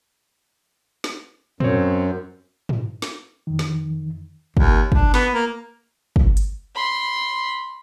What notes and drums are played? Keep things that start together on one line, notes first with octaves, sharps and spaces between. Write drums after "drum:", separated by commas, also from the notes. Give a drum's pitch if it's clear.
drum: snare
F#2 C4 C#5, drum: tom
drum: tom
drum: snare
F2 D#3
drum: snare
D#2, drum: kick
D4, drum: kick
B3, drum: snare
A#3
drum: kick
drum: hi-hat
B5 C6